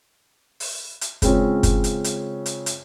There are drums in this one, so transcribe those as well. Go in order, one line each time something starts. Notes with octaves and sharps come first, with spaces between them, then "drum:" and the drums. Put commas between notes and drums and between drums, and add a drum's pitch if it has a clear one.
drum: open hi-hat
drum: hi-hat
C#3 G#3 C4 C#4 F4, drum: kick F#1, hi-hat
drum: kick F#1, hi-hat
drum: hi-hat
drum: hi-hat
drum: hi-hat
drum: hi-hat